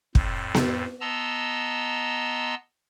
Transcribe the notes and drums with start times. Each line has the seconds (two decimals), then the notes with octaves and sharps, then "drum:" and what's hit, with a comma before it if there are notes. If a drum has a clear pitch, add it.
0.15 F2 A2, drum: kick
0.54 drum: snare B3
1.01 B3 D#5 A5 A#5 C6 E6